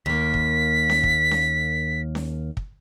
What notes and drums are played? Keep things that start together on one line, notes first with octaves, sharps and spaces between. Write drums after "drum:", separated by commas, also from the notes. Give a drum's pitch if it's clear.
D#2 A#3 B6
drum: kick
drum: snare C#4
drum: kick
drum: snare C#4
drum: snare C#4
drum: kick